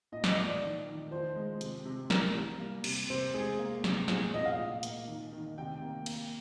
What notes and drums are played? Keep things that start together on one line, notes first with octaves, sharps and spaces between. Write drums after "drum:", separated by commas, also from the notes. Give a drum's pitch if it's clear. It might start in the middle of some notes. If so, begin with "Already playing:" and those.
A#2 D#5
D#5, drum: snare
F3 D5
D#3
D#3
F3 C5
G#3
C3, drum: hi-hat
C3
G3 A#4, drum: snare
G3
A#3
C3, drum: cymbal
C3 C5
G#3 G#4
A#3
C3, drum: snare
A#2 G#4, drum: snare
A#2 D#5
F5
A#2
A#3, drum: hi-hat
D#3
D#3
C3 G5
A#3
A#3, drum: cymbal